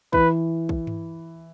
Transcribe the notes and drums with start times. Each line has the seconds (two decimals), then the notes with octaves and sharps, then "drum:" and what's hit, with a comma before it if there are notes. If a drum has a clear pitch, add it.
0.13 E3 B4, drum: kick
0.69 drum: kick
0.87 drum: tom G2